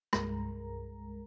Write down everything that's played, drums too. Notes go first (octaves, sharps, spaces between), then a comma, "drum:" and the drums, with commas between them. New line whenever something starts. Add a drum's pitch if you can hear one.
C2 G2 G#3 A#4 A#5, drum: rim click